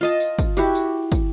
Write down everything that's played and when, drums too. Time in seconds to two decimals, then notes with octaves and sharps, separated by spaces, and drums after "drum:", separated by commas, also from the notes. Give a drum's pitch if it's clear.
0.01 F4 D#5 A5
0.20 drum: tambourine
0.39 drum: kick, tambourine
0.57 E4 F#4 G4, drum: tambourine
0.75 drum: tambourine
1.12 drum: kick, tambourine